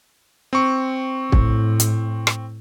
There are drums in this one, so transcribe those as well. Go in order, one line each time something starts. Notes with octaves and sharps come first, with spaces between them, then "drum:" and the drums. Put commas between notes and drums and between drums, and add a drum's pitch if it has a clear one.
C4 C#6
A2, drum: kick
drum: hi-hat
drum: rim click